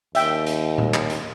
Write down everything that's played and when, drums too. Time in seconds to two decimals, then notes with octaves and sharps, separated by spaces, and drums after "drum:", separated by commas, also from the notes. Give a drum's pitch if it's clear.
0.15 D#2 E5 G5, drum: hi-hat
0.47 drum: hi-hat
0.78 drum: tom A#2
0.94 drum: clap
1.10 drum: hi-hat